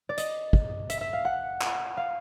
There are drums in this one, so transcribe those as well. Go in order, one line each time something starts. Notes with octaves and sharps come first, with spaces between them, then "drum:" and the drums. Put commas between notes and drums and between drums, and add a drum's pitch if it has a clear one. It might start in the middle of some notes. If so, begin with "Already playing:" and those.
D5
D#5, drum: hi-hat
drum: kick
E5, drum: hi-hat
E5
F5
F#5
drum: clap
F5